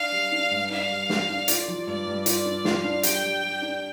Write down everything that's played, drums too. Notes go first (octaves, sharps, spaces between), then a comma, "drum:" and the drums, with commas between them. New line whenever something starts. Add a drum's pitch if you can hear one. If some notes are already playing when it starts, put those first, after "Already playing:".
Already playing: D4 F5
G3
D4
G2
D4 F5
G3
G4, drum: snare
D4
F4 D5, drum: hi-hat
F3
G2 D5
G2
F4 D5, drum: hi-hat
D4
F4 F5, drum: snare
D4
G3 G5, drum: hi-hat
G3
G3
D4